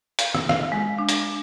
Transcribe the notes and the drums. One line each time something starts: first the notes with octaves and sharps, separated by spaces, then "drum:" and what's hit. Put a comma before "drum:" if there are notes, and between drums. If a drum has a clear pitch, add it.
F5, drum: hi-hat
drum: rim click
F5, drum: rim click
G#3
D4
drum: hi-hat